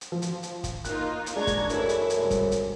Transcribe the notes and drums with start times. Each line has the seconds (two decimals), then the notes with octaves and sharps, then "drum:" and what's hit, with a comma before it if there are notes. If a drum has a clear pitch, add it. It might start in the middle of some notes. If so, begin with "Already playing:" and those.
0.01 drum: hi-hat
0.12 F3
0.22 drum: hi-hat
0.43 drum: hi-hat
0.64 drum: kick, hi-hat
0.85 A#3 D#4 F4 F#6, drum: hi-hat
1.26 drum: hi-hat
1.36 G#3 D4 A#5 C#6 G#6
1.47 drum: kick, hi-hat
1.70 F#2 E3 A3 E4, drum: hi-hat
1.89 drum: hi-hat
2.10 drum: hi-hat
2.19 G2 C3
2.31 drum: kick, hi-hat
2.52 drum: hi-hat